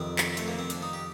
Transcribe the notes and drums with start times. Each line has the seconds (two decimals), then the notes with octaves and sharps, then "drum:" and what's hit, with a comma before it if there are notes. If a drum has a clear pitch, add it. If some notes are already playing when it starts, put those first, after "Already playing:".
Already playing: F2 C3 D#3 C4
0.18 drum: clap
0.37 A3, drum: hi-hat
0.48 A#3
0.59 C4
0.70 D4, drum: hi-hat
0.82 D#4
0.93 G4